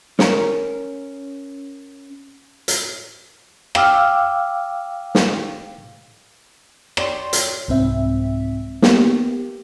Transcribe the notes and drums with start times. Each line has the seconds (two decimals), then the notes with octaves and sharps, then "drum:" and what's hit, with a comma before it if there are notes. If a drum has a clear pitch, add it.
0.19 C#4 A#4, drum: snare
2.68 drum: hi-hat
3.75 F5 G5 D6 E6 F6, drum: rim click
5.15 drum: snare
6.97 C#5 D5 G5 C6, drum: rim click
7.33 drum: hi-hat
7.68 C2 G#2 C4 E5
8.82 A#3 B3 G4, drum: snare